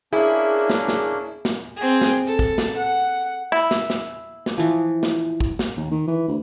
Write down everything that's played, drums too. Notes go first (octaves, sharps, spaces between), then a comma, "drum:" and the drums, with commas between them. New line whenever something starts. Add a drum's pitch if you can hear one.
A#3 C#4 D4 E4 G#4
drum: snare
drum: snare
drum: snare
C4 G#4
drum: snare
A4
drum: kick
drum: snare
F#5
E4
drum: snare
drum: snare
drum: snare
E3 F3
drum: snare
drum: kick
drum: snare
D#2
D#3
E3
D2